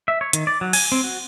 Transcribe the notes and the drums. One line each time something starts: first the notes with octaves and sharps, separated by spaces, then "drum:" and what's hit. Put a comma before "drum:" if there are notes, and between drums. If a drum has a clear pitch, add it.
E5
C#5
D#3, drum: hi-hat
D5
F#3
G#5, drum: cymbal
C4
F#4